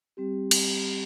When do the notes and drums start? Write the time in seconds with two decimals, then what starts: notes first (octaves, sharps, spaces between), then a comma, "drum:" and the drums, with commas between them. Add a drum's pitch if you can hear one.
0.17 G3 C4 G4
0.51 drum: cymbal